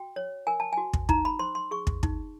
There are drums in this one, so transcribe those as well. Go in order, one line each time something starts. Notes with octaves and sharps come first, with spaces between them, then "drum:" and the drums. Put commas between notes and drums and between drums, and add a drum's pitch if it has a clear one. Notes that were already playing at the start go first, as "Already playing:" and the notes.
Already playing: F#4 G5
C#5
A#4 G#5
A5
F#4 G#5
drum: kick
D#4 A#5, drum: kick
B5
C5 C6
C6
G#4 C#6
drum: kick
D#4, drum: kick